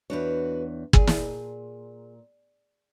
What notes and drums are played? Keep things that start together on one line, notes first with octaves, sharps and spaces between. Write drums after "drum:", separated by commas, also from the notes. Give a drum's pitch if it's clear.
E2 D4 F#4 B4 C#5
A#2 G#4, drum: kick
drum: snare